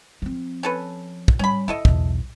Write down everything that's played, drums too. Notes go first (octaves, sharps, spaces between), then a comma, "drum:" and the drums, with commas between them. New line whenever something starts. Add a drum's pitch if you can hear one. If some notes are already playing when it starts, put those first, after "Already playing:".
F3 C4
C#4 A4 B4
drum: kick
G3 C#4 B5
D#4 E4 A4 D#5
B1 E2, drum: kick